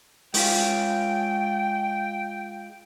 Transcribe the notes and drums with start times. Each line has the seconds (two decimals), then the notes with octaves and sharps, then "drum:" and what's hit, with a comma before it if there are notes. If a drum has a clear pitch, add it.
0.34 G#3 F4 G5, drum: open hi-hat